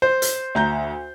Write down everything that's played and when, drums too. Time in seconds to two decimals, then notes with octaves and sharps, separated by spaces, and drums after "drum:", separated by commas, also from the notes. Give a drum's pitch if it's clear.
0.02 C5
0.22 drum: hi-hat
0.55 D2 A#5 G6